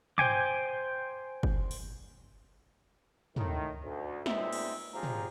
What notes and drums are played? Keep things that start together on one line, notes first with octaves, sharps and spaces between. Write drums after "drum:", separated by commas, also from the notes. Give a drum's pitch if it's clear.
C5 G5 G#5 D6, drum: tom
drum: kick
drum: open hi-hat
A2 D#3, drum: tom
D2
A#2 G#3 B3 C4 D#4 E5, drum: snare
drum: cymbal
G#1 F3 G4 G#4 F5 A#5
drum: tom